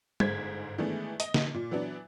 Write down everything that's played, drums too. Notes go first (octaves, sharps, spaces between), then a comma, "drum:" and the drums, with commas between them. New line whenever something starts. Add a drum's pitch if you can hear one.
G1 G#2 G#3 C5 G#6 B6, drum: tom
D#3 E3 G#3 A3 B3 D4
D#5, drum: hi-hat
drum: snare
A#2
E3 F#3 B3 D4